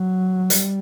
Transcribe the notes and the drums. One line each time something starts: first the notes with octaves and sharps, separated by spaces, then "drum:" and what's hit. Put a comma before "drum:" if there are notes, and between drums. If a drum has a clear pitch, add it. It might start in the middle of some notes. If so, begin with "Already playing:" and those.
Already playing: F#3
G3, drum: hi-hat